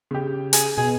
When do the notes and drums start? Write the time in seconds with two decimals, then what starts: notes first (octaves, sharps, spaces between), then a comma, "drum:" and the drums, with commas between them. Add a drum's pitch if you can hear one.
0.11 C#3 G4
0.53 G#4, drum: hi-hat
0.77 B2 G#4